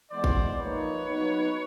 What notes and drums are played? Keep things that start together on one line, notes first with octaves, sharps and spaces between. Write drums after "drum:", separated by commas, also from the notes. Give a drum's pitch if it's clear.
E3 G#3 B3 C5 D5
drum: kick G#1
F3 A#3 D#4 B4 C#5
F#3 B3 D#4